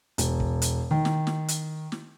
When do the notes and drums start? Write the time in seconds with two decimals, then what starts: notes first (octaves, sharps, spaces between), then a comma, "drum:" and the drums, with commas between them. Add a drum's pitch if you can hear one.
0.18 E1, drum: hi-hat
0.40 drum: kick
0.62 drum: hi-hat
0.91 D#3
1.05 drum: snare
1.27 drum: snare
1.48 drum: hi-hat
1.92 drum: snare